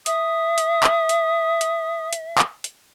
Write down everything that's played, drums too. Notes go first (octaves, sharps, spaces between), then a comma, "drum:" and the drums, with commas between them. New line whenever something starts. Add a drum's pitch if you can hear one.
E5 D#6, drum: hi-hat
drum: hi-hat
drum: clap
drum: hi-hat
drum: hi-hat
drum: hi-hat
drum: clap
drum: hi-hat